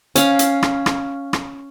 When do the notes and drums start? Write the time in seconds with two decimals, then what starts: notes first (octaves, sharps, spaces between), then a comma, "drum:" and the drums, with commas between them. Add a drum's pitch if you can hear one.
0.16 C#4 F5, drum: hi-hat
0.39 drum: hi-hat
0.63 drum: rim click
0.86 drum: rim click
1.33 drum: rim click